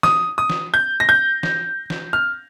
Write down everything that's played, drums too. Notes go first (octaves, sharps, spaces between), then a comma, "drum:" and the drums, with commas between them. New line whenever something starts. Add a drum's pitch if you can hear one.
D#6, drum: snare
D#6
drum: snare
G6
A#6
G6
drum: snare
drum: snare
F6